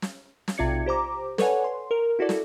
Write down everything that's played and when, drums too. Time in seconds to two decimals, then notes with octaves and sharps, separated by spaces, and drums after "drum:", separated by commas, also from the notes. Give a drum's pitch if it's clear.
0.02 drum: snare
0.48 drum: snare
0.58 B1 C3 F4 D5 G#6 C#7
0.86 G4 C5 A#5 D6
1.38 A4 B4 C#5 D5 F#5 G#5, drum: snare
1.64 C6
1.91 A#4
2.19 E4 F#4 A4 D5
2.29 drum: snare